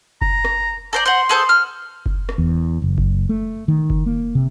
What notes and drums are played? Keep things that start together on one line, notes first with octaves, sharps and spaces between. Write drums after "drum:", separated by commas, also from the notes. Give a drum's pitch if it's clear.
A#5, drum: kick F#1
drum: rim click
A4 C5 D5 A#5
C5 F#5 C6
G#4 A4 C5
F6
drum: kick F#1
drum: rim click
E2
F#1
drum: kick F#1
A3
D#3
drum: kick F#1
A#3
C3